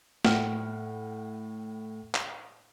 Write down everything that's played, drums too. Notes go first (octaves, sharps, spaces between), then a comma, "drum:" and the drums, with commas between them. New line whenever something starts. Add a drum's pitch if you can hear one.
A2 F#5 G5 F6, drum: snare
drum: clap